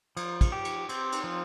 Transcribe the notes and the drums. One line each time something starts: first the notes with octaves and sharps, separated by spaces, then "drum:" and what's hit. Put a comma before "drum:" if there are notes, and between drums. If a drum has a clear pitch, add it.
F3, drum: cymbal
drum: kick, cymbal
G4
drum: cymbal
C4, drum: cymbal
drum: cymbal
F3